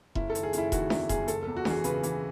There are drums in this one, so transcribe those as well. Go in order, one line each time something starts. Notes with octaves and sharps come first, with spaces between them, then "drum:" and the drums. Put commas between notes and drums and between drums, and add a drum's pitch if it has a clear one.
F#1 E4, drum: kick E1
A4
D#3, drum: hi-hat
G#4
F#1 E4, drum: hi-hat
D#3 F#4, drum: kick E1, hi-hat
E2 E4, drum: snare D4
F#1 G#4, drum: kick E1, hi-hat
F#1 A4, drum: hi-hat
E2 A4
F#4
E3, drum: snare D4
G#4
C#3 B4, drum: hi-hat
E3, drum: hi-hat